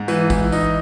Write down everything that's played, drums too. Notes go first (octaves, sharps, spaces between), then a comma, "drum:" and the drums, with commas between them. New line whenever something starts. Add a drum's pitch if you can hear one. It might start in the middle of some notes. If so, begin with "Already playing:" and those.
Already playing: G#2
E3, drum: tambourine
E3, drum: kick, tambourine
D#4, drum: tambourine